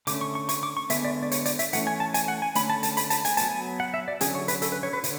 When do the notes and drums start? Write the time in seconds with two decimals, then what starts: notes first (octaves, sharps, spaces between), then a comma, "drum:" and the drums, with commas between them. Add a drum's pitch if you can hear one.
0.07 D3 A3 C#4 D6, drum: hi-hat
0.21 C#6
0.35 C#6
0.49 C#6, drum: hi-hat
0.63 D6
0.77 C#6
0.90 D3 G#3 B3 E5, drum: hi-hat
1.05 D5
1.23 D5
1.32 C#5, drum: hi-hat
1.46 D5, drum: hi-hat
1.59 E5, drum: hi-hat
1.73 E3 A3 C#4 F#5, drum: hi-hat
1.87 G#5
2.00 A5
2.14 G#5, drum: hi-hat
2.28 F#5
2.42 G#5
2.55 D3 A3 C#4 B5, drum: hi-hat
2.70 A5
2.83 A5, drum: hi-hat
2.97 B5, drum: hi-hat
3.10 A5, drum: hi-hat
3.25 G#5, drum: hi-hat
3.37 F#3 B3 A5, drum: hi-hat
3.50 G#5
3.80 F#5
3.94 E5
4.08 D5
4.21 D3 F#3 C#4 G#4, drum: hi-hat
4.35 C#5
4.48 B4, drum: hi-hat
4.62 A4, drum: hi-hat
4.72 B4
4.83 C#5
4.93 B4
5.04 D3, drum: hi-hat